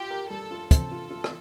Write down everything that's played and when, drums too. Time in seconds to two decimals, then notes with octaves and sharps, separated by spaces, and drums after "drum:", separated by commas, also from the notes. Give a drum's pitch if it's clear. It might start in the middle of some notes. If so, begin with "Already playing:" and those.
Already playing: F4 G4
0.10 A#4
0.30 G3 A4
0.51 F4
0.71 C4 A4, drum: kick, hi-hat
0.91 F4
1.10 F4
1.24 drum: rim click